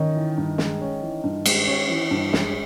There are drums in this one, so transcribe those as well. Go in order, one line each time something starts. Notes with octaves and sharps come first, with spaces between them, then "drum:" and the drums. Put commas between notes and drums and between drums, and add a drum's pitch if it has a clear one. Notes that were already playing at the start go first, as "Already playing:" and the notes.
Already playing: D#3 C#4 D#4
E3
G2
G#3, drum: snare
C#4
E3
G2
G#3, drum: cymbal
C#4
E3
G2
G#3, drum: snare